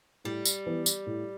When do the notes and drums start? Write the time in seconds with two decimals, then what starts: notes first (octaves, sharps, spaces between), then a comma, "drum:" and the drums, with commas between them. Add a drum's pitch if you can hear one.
0.24 A2 G3
0.45 drum: tambourine
0.66 E3 B3
0.86 drum: tambourine
1.06 A2